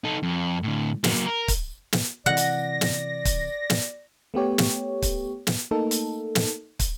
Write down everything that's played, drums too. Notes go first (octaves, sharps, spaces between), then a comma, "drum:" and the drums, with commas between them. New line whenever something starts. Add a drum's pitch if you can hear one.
D#4 A4
F2
A2 D3
F#3 A#3, drum: snare
A#4
drum: kick, hi-hat
drum: snare
C3 E3 D5 F#5 A#6
drum: hi-hat
drum: snare
drum: kick, hi-hat
drum: snare
A3 B3 G4 C#5
drum: snare
drum: kick, hi-hat
drum: snare
A3 A#3 D#4 A4
drum: hi-hat
drum: snare
drum: kick, hi-hat